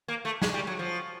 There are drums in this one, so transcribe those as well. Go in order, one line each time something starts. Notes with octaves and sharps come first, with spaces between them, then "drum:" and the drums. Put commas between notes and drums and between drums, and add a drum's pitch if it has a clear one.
A#3
A3
G#3, drum: snare
G3
F#3
F3